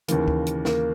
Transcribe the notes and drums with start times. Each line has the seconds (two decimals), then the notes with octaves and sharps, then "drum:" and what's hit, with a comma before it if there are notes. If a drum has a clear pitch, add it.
0.08 D#2 C#3 E3 A#3, drum: hi-hat
0.28 drum: kick
0.46 drum: hi-hat
0.65 A#3, drum: snare